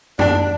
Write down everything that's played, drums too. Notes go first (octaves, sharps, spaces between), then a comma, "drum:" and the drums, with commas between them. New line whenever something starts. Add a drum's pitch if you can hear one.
D4, drum: tom F#2